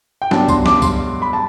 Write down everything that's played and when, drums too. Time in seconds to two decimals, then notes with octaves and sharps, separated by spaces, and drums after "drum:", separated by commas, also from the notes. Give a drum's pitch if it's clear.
0.22 G5
0.31 G2 F#3 B3 D4 A5, drum: snare
0.48 C6, drum: kick C2, tambourine
0.66 D6, drum: snare
0.82 C6, drum: kick C2, tambourine
1.22 B5
1.33 A5